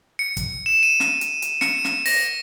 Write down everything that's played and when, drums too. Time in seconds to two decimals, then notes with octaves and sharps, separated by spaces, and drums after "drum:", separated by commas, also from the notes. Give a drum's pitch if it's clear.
0.19 C#7
0.37 drum: kick, hi-hat
0.66 E7
0.83 D#7
1.00 drum: snare
1.21 drum: hi-hat
1.42 drum: hi-hat
1.61 C#7, drum: snare
1.84 drum: snare
2.06 A#6, drum: open hi-hat